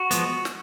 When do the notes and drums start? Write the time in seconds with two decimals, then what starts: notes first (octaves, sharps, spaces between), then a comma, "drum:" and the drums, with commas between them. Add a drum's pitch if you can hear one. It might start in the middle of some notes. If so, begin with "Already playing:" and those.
Already playing: F#4
0.11 F3 G#3 B3, drum: hi-hat
0.45 drum: snare